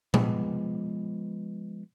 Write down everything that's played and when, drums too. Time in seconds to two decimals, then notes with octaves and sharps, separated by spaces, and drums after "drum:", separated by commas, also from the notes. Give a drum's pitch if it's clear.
0.14 F3 G#3 B3, drum: tom A#2